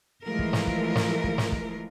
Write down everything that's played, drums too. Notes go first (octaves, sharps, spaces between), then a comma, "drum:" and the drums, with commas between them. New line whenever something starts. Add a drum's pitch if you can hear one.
E3 F3 G#3 A3 F4 A#4
drum: kick
drum: snare
drum: kick
drum: snare
drum: kick
drum: snare
drum: kick